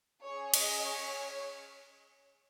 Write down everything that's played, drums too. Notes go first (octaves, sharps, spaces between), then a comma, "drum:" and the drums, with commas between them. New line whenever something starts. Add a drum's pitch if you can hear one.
C#4 G#4 C#5
D#5, drum: cymbal
C#5